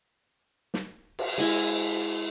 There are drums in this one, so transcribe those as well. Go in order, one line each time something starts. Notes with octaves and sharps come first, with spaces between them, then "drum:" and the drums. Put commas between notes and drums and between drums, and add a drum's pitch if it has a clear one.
drum: snare
drum: cymbal
G#3 E4